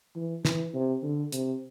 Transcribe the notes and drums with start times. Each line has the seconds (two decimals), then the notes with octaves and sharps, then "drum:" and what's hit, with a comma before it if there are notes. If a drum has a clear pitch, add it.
0.16 E3
0.45 E3, drum: snare
0.74 C3
1.03 D3
1.32 C3, drum: hi-hat